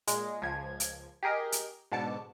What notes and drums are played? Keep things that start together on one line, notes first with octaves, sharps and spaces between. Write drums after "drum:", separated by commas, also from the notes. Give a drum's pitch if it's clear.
A#2 G#3, drum: hi-hat
C#2 F3 G#6
drum: hi-hat
G4 G#4 A#4 D#5
drum: hi-hat
G#2 B2 D3 A5 D6 C#7